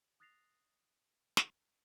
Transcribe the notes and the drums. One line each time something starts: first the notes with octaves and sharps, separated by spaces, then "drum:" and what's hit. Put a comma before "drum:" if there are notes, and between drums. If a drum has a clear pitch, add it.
D#6 F#6 A6 A#6 C7 F7
drum: snare